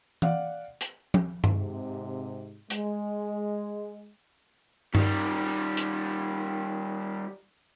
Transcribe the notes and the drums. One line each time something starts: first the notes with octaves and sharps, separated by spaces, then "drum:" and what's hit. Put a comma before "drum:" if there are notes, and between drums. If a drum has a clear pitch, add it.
D5 F5 F#5, drum: tom E3
drum: hi-hat
drum: tom F3
G#2 C3, drum: tom G2
G#3, drum: hi-hat
D#3 G3, drum: tom G2
drum: hi-hat